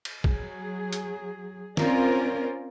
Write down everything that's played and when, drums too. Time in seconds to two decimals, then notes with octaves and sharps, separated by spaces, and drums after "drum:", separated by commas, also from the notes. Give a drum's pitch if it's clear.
0.05 drum: cymbal
0.24 F#3 G#4, drum: kick
0.93 drum: hi-hat
1.77 C4 C#4 F4 A#4 D5, drum: snare